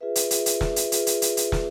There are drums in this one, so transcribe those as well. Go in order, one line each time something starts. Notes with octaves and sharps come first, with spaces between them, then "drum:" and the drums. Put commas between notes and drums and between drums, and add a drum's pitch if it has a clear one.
F4 G#4 B4 E5
drum: hi-hat
F4 G#4 B4 E5, drum: hi-hat
drum: hi-hat
F4 G#4 B4 E5, drum: snare
drum: hi-hat
F4 G#4 B4 E5, drum: hi-hat
drum: hi-hat
drum: hi-hat
drum: hi-hat
drum: snare